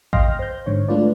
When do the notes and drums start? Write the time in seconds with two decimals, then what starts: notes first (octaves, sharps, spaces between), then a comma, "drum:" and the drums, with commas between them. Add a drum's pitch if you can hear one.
0.13 D#5 F5 G5 C6 F6 A#6, drum: kick A1
0.39 C5 G6
0.66 G#2 D3 C#5
0.88 G#3 A3 D4 F4 B4 D5